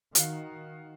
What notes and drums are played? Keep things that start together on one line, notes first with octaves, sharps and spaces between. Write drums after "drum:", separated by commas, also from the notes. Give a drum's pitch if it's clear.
D#3 F#4 F5, drum: hi-hat